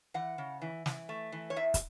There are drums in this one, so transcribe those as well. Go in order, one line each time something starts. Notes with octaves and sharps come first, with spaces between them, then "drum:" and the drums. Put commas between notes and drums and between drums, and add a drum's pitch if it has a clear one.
E3 F#5
C#3
E3
E3, drum: snare
A3
E3
C#5
E2 E5
drum: kick, hi-hat